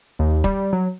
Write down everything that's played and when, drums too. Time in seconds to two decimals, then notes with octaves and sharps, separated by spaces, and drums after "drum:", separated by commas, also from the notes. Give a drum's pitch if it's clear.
0.19 D#2
0.44 G3, drum: kick E1
0.73 F#3